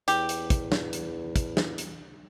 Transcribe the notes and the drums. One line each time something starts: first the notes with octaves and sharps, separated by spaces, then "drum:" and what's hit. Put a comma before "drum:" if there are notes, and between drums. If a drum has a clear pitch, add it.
E2 G4, drum: hi-hat
drum: hi-hat
drum: kick, hi-hat
drum: snare
drum: hi-hat
drum: kick, hi-hat
drum: snare
drum: hi-hat